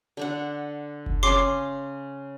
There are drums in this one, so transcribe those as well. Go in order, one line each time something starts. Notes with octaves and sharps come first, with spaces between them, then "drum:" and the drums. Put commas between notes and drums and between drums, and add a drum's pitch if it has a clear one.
D3 D4 F#5
drum: kick F#1
C#3 C#4 C6 D6 C7